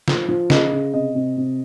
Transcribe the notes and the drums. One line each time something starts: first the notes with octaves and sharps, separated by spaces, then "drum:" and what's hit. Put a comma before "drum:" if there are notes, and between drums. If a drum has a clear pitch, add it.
F3, drum: snare
F3
C#3 D#5, drum: snare
C#3
C3 D#5
C3
C3